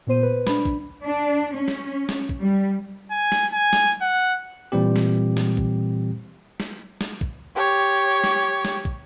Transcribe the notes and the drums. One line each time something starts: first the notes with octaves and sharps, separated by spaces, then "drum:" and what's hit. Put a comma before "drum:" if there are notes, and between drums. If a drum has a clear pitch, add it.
A#2 B3 C5 D#7
B4
D4 B5, drum: snare
drum: kick
D4
C#4
drum: snare
drum: snare
drum: kick
G3
G#5
drum: snare
G#5
drum: snare
F#5
A#2 E3 G3 C4 G4
drum: snare
drum: snare
drum: kick
drum: snare
drum: snare
drum: kick
G4 C#5
drum: snare
drum: snare
drum: kick